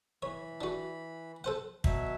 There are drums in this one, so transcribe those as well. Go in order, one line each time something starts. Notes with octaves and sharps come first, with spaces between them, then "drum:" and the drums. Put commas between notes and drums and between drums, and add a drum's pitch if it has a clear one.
E3 C#5 B5
D4 F#4
A4 C5 F#5
B2 F#3 E5, drum: kick